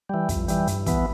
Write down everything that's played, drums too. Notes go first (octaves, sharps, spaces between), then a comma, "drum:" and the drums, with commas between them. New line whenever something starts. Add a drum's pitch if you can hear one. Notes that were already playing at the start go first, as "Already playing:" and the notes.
E3 G3
F2, drum: kick, hi-hat
E3 G3, drum: hi-hat
G2, drum: hi-hat
E3 B3, drum: kick, hi-hat